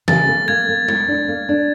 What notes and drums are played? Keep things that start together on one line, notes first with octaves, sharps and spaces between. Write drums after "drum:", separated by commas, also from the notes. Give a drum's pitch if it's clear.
C#3 A6, drum: tom E3
A#3
A#3 G#6
A#3
A#3, drum: tom G#3
D4
A#3
D4